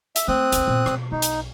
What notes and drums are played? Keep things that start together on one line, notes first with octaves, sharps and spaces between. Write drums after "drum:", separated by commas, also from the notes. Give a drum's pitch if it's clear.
E5, drum: hi-hat
A3 C4 D#6 F#6
A1 D2, drum: hi-hat
A#2 B3
B2, drum: rim click
B1 D#4
drum: hi-hat